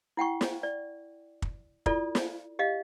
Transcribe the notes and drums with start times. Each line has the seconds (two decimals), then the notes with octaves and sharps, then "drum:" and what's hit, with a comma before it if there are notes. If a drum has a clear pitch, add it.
0.17 E4 F#5 G5 C#6
0.41 drum: snare
0.63 D5
1.42 drum: kick
1.86 E4 F4 A4 D5, drum: kick
2.15 drum: snare
2.59 G4 D#5 F5